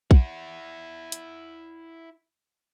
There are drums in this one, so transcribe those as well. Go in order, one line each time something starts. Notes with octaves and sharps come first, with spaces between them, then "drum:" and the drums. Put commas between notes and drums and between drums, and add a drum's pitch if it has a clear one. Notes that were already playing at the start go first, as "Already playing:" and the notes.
E4 F#5, drum: kick A#1
drum: hi-hat